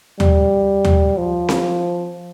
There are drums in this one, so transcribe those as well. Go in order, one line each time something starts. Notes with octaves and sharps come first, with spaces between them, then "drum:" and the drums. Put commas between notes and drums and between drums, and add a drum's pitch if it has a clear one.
G3, drum: tom D#2
drum: tom D#2
F3
drum: snare C4